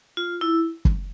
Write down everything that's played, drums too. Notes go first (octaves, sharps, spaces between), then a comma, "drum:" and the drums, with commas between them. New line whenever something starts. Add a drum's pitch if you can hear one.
F4
E4
drum: kick